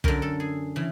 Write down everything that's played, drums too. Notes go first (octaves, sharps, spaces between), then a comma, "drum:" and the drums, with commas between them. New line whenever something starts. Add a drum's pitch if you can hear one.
F#2 D3 A#4, drum: kick
A4
G#4
C#3 E3